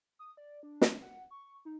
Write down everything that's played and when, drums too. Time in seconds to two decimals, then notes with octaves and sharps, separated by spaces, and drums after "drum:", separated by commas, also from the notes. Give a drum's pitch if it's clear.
0.19 D#6
0.37 D5
0.63 D4
0.81 D4, drum: snare
1.02 F#5
1.31 C#6
1.65 D#4